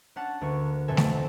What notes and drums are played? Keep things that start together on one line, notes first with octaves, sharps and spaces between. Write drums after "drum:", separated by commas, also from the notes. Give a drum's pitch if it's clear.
C#4 D4 F#5 A5
D2 A#3 C#6
F2 B2 C4 A4 E5 G#5
drum: snare A3